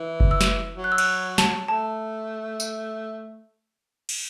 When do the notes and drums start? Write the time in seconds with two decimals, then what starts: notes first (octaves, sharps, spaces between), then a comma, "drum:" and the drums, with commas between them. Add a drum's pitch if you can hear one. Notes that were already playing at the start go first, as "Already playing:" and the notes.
Already playing: E3
0.20 drum: kick F#1
0.31 E6
0.41 drum: snare
0.76 F#3
0.84 F#6
0.92 E6
0.98 F#6, drum: cymbal
1.38 A5, drum: snare
1.68 A3 A5
2.60 drum: tambourine
4.09 drum: cymbal